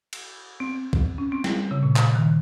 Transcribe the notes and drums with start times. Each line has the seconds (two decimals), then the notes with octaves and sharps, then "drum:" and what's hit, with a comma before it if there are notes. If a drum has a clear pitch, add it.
0.13 drum: cymbal
0.60 C4
0.93 drum: kick B1
1.18 C#4
1.32 C4
1.44 G3, drum: snare
1.71 C#3
1.83 A#2
1.96 C3, drum: clap
2.15 D#3